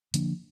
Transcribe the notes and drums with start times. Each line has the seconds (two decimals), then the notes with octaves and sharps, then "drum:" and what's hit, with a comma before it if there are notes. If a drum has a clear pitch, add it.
0.14 D3 F3 A#3 D4, drum: hi-hat